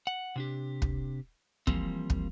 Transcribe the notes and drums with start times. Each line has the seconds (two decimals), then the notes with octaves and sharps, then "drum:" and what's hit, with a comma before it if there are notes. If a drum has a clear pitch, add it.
0.07 F#5
0.36 C3 D4 G4
0.82 drum: kick
1.67 E3 F3 G3 A#3 C4, drum: kick
2.10 drum: kick